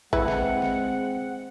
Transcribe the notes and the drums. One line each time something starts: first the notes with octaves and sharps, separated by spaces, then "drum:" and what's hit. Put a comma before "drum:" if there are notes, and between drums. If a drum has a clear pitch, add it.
G#3 C4 E4 B4 F#5, drum: kick A1
drum: snare
drum: snare